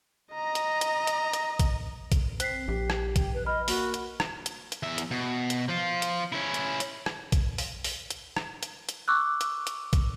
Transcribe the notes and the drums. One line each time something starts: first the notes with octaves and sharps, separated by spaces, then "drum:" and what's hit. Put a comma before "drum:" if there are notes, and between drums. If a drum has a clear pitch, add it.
D#5 A#5
drum: hi-hat
drum: hi-hat
drum: hi-hat
drum: hi-hat
drum: kick, hi-hat
drum: kick, hi-hat
C4 F#6 B6 C7, drum: hi-hat
A#1 G4
drum: rim click
drum: kick, hi-hat
B4
D#5 B5 F6
A#3 F#4, drum: open hi-hat
drum: hi-hat
drum: rim click
drum: hi-hat
drum: hi-hat
E2 E5
drum: hi-hat
B2
drum: hi-hat
F3 F4
drum: hi-hat
C#4 E4
drum: hi-hat
drum: hi-hat
drum: rim click
drum: kick, hi-hat
drum: open hi-hat
drum: open hi-hat
drum: hi-hat
drum: rim click
drum: hi-hat
drum: hi-hat
C#6 D6 E6 F#6
drum: hi-hat
drum: hi-hat
drum: kick, hi-hat